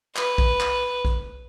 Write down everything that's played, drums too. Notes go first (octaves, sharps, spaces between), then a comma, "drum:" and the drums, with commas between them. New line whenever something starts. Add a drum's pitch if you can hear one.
B4, drum: clap
drum: kick
drum: clap
drum: kick